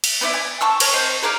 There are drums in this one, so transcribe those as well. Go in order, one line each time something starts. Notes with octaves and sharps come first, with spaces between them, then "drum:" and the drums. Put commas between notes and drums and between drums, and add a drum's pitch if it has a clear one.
drum: cymbal
B3 E4 D5 E5
G#5
A5 C#6 E6
A#4 C#5, drum: cymbal
C4 C5 D#5
G#4 A#4 D5 F5